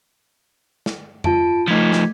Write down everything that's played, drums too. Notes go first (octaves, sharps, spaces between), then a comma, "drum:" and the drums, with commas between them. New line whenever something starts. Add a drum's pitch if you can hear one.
drum: snare
F4 A5 D7, drum: tom F2
F3 A3 D#4 G#6 B6
drum: snare